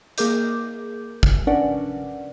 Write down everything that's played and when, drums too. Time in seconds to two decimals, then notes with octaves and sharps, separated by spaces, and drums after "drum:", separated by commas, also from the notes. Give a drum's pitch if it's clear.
0.18 A#3 G#4 A#4 D6 G6, drum: hi-hat
1.23 drum: kick
1.47 C#4 D4 A#4 B4 D5 F#5